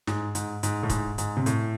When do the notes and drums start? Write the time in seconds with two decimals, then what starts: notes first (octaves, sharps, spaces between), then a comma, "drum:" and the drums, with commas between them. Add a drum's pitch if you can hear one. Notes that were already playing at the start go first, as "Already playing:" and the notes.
0.07 G#2, drum: snare
0.35 G#2, drum: hi-hat
0.63 G#2, drum: hi-hat
0.83 A2
0.90 G#2, drum: kick, hi-hat
1.18 G#2, drum: hi-hat
1.37 C3
1.46 A2, drum: hi-hat